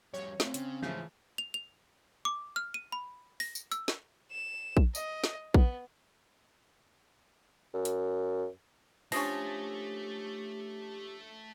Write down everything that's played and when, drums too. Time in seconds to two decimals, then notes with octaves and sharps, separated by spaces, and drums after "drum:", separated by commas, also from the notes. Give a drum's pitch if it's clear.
0.14 F2 G3 C#5
0.40 A3 C4 F4, drum: snare
0.54 C#3, drum: hi-hat
0.82 G#2 C#3 E3 F3 A3
1.38 F7
1.54 F7
2.25 D6
2.56 F6
2.74 D#7
2.92 B5
3.40 A#6, drum: open hi-hat
3.55 drum: tambourine
3.72 E6, drum: tambourine
3.88 drum: snare
4.31 E7
4.77 drum: kick A#1
4.95 D#5, drum: tambourine
5.24 drum: snare
5.54 B3, drum: kick A#1
7.74 F#2
7.85 drum: hi-hat
9.12 F3 A3 C#4 D4 G4 D#6 A#6, drum: open hi-hat